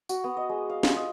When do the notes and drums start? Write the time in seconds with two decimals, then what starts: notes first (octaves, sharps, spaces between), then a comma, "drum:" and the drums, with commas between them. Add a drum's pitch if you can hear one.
0.09 F#4, drum: tambourine
0.24 B3
0.37 D#5
0.49 G#3
0.70 F5
0.83 F4, drum: snare
0.96 D#5